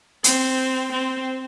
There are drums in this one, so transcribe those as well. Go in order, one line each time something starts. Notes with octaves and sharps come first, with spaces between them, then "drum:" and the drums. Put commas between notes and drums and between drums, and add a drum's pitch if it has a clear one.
C4, drum: hi-hat
C4